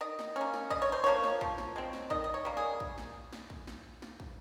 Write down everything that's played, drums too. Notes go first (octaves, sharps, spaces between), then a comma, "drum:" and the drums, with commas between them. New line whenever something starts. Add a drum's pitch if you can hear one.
D#3 D#5
drum: snare
A#3 C#4
drum: snare
C#3 D#5, drum: kick
C#5
C5
F3 A#3 C#5
drum: snare
F3, drum: kick
drum: snare
G#3 C4
drum: snare
D#3 D#5, drum: kick
D#5
C#5
G3 A#3
G#4
drum: kick
drum: snare
drum: snare
drum: kick
drum: snare
drum: snare
drum: kick